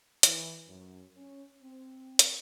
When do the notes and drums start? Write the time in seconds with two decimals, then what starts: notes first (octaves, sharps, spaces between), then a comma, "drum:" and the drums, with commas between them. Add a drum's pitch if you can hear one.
0.23 E3, drum: hi-hat
0.68 F#2
1.17 C#4
1.62 C4
2.19 drum: hi-hat